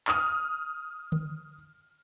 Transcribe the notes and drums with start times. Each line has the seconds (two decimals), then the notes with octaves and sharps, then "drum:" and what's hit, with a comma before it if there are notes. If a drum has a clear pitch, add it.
0.08 D#6 F6, drum: clap
1.12 drum: tom D3